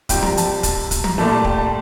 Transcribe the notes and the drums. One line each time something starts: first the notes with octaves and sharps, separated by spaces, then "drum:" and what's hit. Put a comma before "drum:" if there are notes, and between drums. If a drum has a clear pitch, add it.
C2 C3 F3 G5, drum: kick, hi-hat
A#5, drum: tom
A5, drum: hi-hat
A5, drum: kick, hi-hat
drum: kick, hi-hat
A#5, drum: tom
C2 A#2 A3 A5
A5
G5, drum: kick
A5